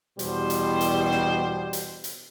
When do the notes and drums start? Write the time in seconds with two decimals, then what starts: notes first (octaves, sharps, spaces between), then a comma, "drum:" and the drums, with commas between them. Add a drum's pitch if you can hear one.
0.19 E2 B2 G3 C5, drum: hi-hat
0.50 drum: hi-hat
0.81 drum: hi-hat
1.11 drum: snare
1.73 drum: hi-hat
2.04 drum: hi-hat